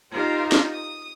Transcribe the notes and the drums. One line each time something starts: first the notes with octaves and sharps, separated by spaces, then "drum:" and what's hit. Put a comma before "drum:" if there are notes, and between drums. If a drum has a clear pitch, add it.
D#4 F4 G4 A#4 C5
drum: snare
D#6